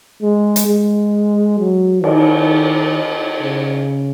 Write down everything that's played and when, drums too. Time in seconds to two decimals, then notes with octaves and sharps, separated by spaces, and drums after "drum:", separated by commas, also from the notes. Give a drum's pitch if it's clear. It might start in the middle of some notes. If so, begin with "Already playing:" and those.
0.22 G#3
0.56 drum: hi-hat
0.67 G#3
1.58 F#3
2.04 D#3, drum: cymbal
3.42 C#3